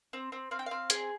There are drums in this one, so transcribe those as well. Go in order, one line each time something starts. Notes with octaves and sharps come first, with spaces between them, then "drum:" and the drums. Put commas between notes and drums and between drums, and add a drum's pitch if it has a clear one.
C4
C4
C4 F5
G5
C4 F5
G#4, drum: hi-hat